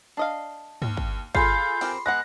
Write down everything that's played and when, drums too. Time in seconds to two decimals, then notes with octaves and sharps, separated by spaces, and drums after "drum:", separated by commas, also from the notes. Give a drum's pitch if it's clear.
0.17 D4 D#5 F5
0.82 D#2, drum: tom
0.97 drum: kick
1.35 F4 G#4 A4 B5 C6 G6 C7, drum: kick
1.81 C4 G4 A#4, drum: open hi-hat
2.06 G#3 B3 F#5 F#6 A#6